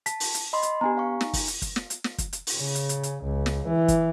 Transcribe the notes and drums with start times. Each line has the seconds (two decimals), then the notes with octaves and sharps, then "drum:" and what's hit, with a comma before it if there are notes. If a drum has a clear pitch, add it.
0.06 A5 B6, drum: hi-hat
0.20 drum: open hi-hat
0.34 drum: hi-hat
0.53 D#5 B5 C6
0.63 drum: hi-hat
0.81 B3 D4 G4 G#5 A#5
0.97 F5 C#6
1.21 D#4, drum: snare
1.33 drum: kick, open hi-hat
1.48 drum: hi-hat
1.62 drum: kick, hi-hat
1.76 drum: snare
1.90 drum: hi-hat
2.04 drum: snare
2.18 drum: kick, hi-hat
2.33 drum: hi-hat
2.47 drum: open hi-hat
2.57 C#3
2.75 drum: hi-hat
2.89 drum: hi-hat
3.03 drum: hi-hat
3.23 C#2
3.46 drum: snare
3.67 E3
3.88 drum: kick, hi-hat